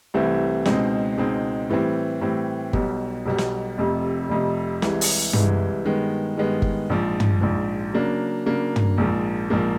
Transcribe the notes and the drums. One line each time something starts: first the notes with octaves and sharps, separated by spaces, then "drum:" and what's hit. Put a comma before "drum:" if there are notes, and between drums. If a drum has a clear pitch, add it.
C2 C3 E3 A3 C4
C#2 B2 G#3 C4 D#4, drum: snare
C#2 B2 G#3 C4 D#4
A2 E3 G3 C4
A2 E3 G3 C4
B1 B2 G3, drum: kick G1
B1 B2 G3
drum: snare
F1 F2 C3
F1 F2 C3
C2 C3 E3 G#3, drum: snare
drum: open hi-hat
C2 C3 E3 G#3, drum: tom
G2 D#3 G#3 B3
G2 D#3 G#3 B3
drum: kick G1
A#1 G#2 F3
drum: tom
A#1 G#2 F3
C#3 F#3 A#3 D4
C#3 F#3 A#3 D4
drum: tom
A#1 G#2 F3 A#3
A#1 G#2 F3 A#3